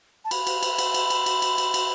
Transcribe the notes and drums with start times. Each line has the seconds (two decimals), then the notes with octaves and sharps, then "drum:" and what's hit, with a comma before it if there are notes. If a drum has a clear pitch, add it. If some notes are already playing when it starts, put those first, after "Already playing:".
0.25 A5
0.31 B5, drum: cymbal
0.47 drum: cymbal
0.63 drum: cymbal
0.78 drum: cymbal
0.94 drum: cymbal
1.10 drum: cymbal
1.26 drum: cymbal
1.42 drum: cymbal
1.58 drum: cymbal
1.74 drum: cymbal